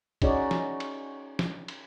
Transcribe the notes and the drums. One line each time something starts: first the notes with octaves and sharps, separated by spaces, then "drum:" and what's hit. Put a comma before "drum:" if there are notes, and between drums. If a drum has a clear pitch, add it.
C#4 D#4 F#4 G#4 C#5 D5, drum: kick, cymbal
drum: snare
drum: cymbal
drum: snare
drum: cymbal